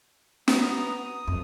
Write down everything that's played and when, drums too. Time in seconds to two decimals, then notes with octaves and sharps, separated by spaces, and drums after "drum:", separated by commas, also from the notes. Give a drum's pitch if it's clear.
0.48 B3 A#5 D#6, drum: snare
1.05 D#6
1.27 F2